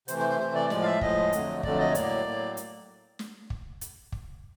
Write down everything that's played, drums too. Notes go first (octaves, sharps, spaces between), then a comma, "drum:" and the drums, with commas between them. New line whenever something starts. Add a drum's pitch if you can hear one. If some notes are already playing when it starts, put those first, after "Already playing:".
C3 E3 A3 C5, drum: hi-hat
C5
C5
C3 E3 A3 C5
D5
A2 F3 G#3 D5, drum: snare
F5
E5
A2 F3 G#3 D#5, drum: kick
F2 D3 F#3 A3, drum: hi-hat
F2 D3 F#3 A3 D5, drum: kick
D#5
C#5
A2 F#3 A#3 D5, drum: hi-hat
A2 F#3 A#3
drum: hi-hat
drum: snare
drum: kick
drum: hi-hat
drum: kick